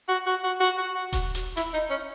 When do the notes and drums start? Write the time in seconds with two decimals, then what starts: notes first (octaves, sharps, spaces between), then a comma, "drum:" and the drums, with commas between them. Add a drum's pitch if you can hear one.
0.08 F#4
0.26 F#4
0.43 F#4
0.60 F#4
0.78 F#4
0.95 F#4
1.13 F#4, drum: kick D#1, hi-hat
1.35 drum: hi-hat
1.57 E4, drum: hi-hat
1.74 D#4
1.90 C#4